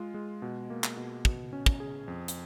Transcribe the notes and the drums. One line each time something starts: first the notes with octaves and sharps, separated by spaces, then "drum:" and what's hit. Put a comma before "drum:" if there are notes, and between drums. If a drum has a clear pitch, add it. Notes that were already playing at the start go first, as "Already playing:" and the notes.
Already playing: G#3 F4
G#3
B2
A#3
drum: clap
B2
B2, drum: kick
C#4
drum: kick
G#4
F2
drum: hi-hat